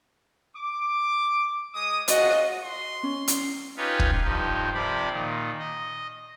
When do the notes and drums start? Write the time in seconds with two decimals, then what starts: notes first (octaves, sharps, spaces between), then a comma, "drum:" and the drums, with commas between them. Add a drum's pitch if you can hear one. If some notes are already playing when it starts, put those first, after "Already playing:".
0.54 D6
1.74 G#3 D#6
2.08 F4 F#4 G#4 D#5 F#5, drum: hi-hat
2.63 C6
3.03 C#4
3.28 drum: hi-hat
3.77 C#4 D#4 F4 G4 B4 C#5
3.99 drum: kick
4.24 G2 F3 D#4 G4
4.74 C3 F3 A#4 D5 B5
5.11 A#2 D#3
5.59 D#5